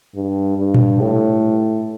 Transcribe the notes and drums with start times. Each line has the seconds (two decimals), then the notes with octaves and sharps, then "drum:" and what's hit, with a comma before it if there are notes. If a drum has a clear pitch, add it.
0.15 G2
0.58 G2
0.74 drum: tom A#2
1.01 A2